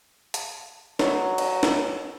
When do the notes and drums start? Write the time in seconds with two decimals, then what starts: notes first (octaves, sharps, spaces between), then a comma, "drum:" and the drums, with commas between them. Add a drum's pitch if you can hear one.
0.34 drum: hi-hat
0.99 F#3, drum: snare
1.38 drum: cymbal
1.63 drum: snare